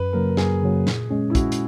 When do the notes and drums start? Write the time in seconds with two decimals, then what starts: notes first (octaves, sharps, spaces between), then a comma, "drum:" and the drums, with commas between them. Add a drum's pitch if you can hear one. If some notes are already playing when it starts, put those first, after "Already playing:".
Already playing: F#2 B4
0.13 C#3 F#3 A#3 A#4
0.29 A#4
0.37 F#2 G#4, drum: snare
0.62 C#3 F#3 A#3
0.87 A#2, drum: snare
1.11 G#3 C#4
1.30 E4
1.35 A#2 F#4, drum: kick, hi-hat
1.52 drum: hi-hat